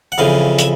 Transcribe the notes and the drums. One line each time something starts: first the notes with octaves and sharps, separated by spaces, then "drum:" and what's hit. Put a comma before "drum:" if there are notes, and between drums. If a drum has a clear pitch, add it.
F#5
F2 C#3 E3 F5
E5, drum: hi-hat